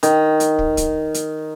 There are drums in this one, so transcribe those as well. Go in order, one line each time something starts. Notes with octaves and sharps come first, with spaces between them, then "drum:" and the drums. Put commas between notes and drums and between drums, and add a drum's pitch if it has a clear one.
D#3, drum: hi-hat
drum: hi-hat
drum: kick
drum: kick, hi-hat
drum: hi-hat